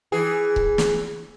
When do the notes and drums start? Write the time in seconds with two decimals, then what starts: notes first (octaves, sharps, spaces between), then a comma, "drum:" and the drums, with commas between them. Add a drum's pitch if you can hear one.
0.12 E3 G#4
0.56 drum: kick C#1
0.78 drum: snare